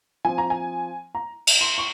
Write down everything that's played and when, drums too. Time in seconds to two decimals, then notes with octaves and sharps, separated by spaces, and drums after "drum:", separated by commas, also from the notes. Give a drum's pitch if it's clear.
0.25 F3 C4 G#5
0.38 A#5
0.50 G#5
1.15 A#5
1.47 drum: cymbal
1.61 C6
1.78 C#6